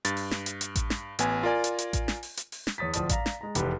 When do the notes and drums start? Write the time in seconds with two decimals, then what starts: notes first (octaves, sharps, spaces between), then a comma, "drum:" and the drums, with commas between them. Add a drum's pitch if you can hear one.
0.05 G2 A6, drum: hi-hat
0.17 drum: open hi-hat
0.31 drum: snare
0.46 drum: hi-hat
0.61 drum: hi-hat
0.76 drum: kick A1, hi-hat
0.90 drum: snare
1.19 A1 B3 G#5, drum: hi-hat
1.43 F4 A#4 D5 G#5
1.64 drum: hi-hat
1.79 drum: hi-hat
1.93 drum: kick A1, hi-hat
2.08 drum: snare
2.23 drum: open hi-hat
2.37 drum: hi-hat
2.52 drum: open hi-hat
2.67 drum: snare
2.78 E2 C#5 D#6 A6 B6
2.93 D1 F3 D5 A5 D#6, drum: hi-hat
3.09 D5 F5 A#5, drum: kick A1, hi-hat
3.26 drum: snare
3.41 G#3 A#5
3.55 F1 E2 G4 B4, drum: hi-hat